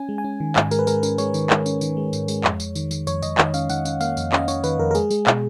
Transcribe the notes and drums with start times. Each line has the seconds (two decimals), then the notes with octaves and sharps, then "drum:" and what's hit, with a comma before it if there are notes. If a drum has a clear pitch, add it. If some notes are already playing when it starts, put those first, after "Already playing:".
Already playing: C#4 G#5
0.09 G#3
0.18 G#5
0.24 C#4
0.40 D#3
0.56 G#2 G#5, drum: clap
0.71 G#3 A#4, drum: tambourine
0.79 B4
0.87 G#3 A#4, drum: tambourine
1.03 C#4 A#4, drum: tambourine
1.18 G#3 C#5, drum: tambourine
1.34 D#3, drum: tambourine
1.50 G#3, drum: clap
1.66 C#4, drum: tambourine
1.81 D#3, drum: tambourine
1.97 G#3
2.13 G#2, drum: tambourine
2.28 G#3, drum: tambourine
2.44 F2, drum: clap
2.60 F2, drum: tambourine
2.75 D#3, drum: tambourine
2.91 D#3, drum: tambourine
3.07 F2 C#5, drum: tambourine
3.23 F2 D#5, drum: tambourine
3.38 D#3 D#5, drum: clap
3.54 C#4 F5, drum: tambourine
3.69 D#3 F#5, drum: tambourine
3.85 C#4, drum: tambourine
4.01 A#3 F5, drum: tambourine
4.17 F2, drum: tambourine
4.32 C#4 D#5, drum: clap
4.48 C#4 C#5, drum: tambourine
4.64 D#3 B4, drum: tambourine
4.79 F2 A#4
4.91 A#4
4.95 G#3 G#4, drum: tambourine
5.10 G#3, drum: tambourine
5.27 B2, drum: clap